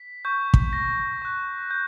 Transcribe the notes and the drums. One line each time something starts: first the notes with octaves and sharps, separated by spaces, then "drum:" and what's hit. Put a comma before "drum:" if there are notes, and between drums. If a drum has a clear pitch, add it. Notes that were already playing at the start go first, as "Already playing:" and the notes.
Already playing: B6
C#6 G6
drum: kick
A#6
C#6 F#6
G6